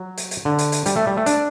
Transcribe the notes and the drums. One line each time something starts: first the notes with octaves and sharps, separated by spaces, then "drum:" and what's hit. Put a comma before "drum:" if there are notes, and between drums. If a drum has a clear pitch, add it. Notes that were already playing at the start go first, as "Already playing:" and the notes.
Already playing: F#3
drum: hi-hat
drum: hi-hat
D3
drum: hi-hat
drum: hi-hat
G3, drum: hi-hat
A3
G3
A3
D4, drum: hi-hat